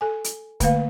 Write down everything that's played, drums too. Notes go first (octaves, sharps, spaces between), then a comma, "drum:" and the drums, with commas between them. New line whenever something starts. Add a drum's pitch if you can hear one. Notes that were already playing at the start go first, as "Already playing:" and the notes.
A4 G#5
drum: hi-hat
D3 A3 A#3 B4 F5, drum: kick, hi-hat